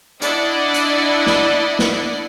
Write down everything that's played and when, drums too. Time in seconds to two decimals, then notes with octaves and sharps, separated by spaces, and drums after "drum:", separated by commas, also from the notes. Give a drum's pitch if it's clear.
0.22 D4 E4 D5 D#5 F#5, drum: hi-hat
0.74 drum: hi-hat
1.26 drum: snare
1.79 drum: snare